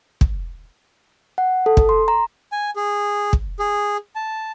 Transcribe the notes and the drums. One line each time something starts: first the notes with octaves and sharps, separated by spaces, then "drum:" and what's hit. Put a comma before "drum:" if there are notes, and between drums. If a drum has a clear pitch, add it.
drum: kick
F#5
A4
drum: kick
C6
A#5
G#5
G#4
drum: kick
G#4
A5